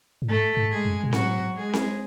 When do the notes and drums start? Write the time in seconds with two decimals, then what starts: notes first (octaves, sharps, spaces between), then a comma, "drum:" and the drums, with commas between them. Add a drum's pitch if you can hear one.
0.22 A2
0.28 G#2 A3 A4
0.57 G#2
0.71 G#3 G#4
0.85 F#2
1.03 B2
1.13 A2 F#3 F#4, drum: snare C4
1.55 G#3 G#4
1.73 drum: snare C4